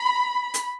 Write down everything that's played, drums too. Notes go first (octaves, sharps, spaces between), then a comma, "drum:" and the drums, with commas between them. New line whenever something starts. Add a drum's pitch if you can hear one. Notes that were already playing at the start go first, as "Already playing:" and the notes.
Already playing: B5
drum: hi-hat